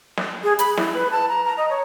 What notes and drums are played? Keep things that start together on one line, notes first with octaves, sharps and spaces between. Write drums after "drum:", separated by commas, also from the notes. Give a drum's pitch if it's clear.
drum: snare
G#4
B5, drum: hi-hat
E4, drum: snare
B4
A5
A#5
A#5
D#5
C#5